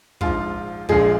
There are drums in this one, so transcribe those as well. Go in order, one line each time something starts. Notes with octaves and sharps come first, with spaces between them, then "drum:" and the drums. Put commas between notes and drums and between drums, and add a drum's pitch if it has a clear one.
A#1 G#2 F3 F4, drum: kick
A#1 A#2 F3 G#3 G#4, drum: kick